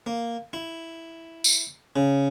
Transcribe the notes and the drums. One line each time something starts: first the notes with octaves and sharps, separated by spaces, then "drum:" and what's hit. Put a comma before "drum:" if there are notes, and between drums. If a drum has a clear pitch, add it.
A#3
E4
drum: tambourine
C#3